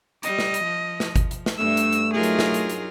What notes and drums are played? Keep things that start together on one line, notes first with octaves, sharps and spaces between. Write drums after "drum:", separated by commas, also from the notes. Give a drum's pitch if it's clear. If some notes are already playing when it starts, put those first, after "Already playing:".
G3 D#5, drum: hi-hat
drum: snare
drum: hi-hat
F3
drum: snare
drum: kick G1, hi-hat
drum: hi-hat
drum: snare
G2 A3 D4 E6
drum: hi-hat
drum: hi-hat
F#3 D#4 F4 G#4 A#4
drum: hi-hat
drum: snare
drum: hi-hat
drum: hi-hat